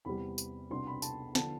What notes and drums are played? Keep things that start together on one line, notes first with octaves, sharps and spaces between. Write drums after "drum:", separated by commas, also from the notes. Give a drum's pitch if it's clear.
E2 C3 G3 B5
drum: tambourine
C2 B2 B3 D4 C6
B5
A5, drum: tambourine
D3 F3 B3 D4 A5, drum: snare